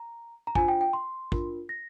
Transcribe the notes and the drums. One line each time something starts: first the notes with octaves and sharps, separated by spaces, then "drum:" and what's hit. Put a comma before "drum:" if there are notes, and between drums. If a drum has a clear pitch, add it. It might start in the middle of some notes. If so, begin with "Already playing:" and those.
Already playing: A#5
A#5
D4 F4 C5 G#5, drum: kick
G5
G5
C6
D4 F4 A#4, drum: kick
A#6